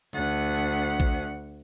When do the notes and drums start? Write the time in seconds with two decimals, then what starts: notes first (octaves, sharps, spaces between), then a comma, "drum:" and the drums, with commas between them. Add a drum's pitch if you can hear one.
0.13 D2 F#5, drum: hi-hat
1.00 drum: kick A#1